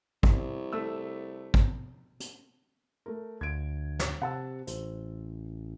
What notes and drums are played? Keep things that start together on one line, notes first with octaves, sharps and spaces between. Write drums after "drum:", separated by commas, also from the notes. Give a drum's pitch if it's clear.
C2, drum: kick
A3 E6
drum: kick
drum: hi-hat
A3 A#4
D2 G#6 D7
drum: snare
C3 F#5 A5 E6
A1 C5, drum: hi-hat